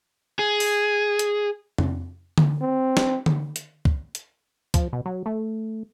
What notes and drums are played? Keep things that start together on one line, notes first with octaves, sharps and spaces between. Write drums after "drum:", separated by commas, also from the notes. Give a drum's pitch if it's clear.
G#4
drum: open hi-hat
drum: hi-hat
drum: tom F2
drum: tom D3
C4
drum: snare
drum: tom D3
drum: hi-hat
drum: kick
drum: hi-hat
F3, drum: kick, hi-hat
B2
F#3
A3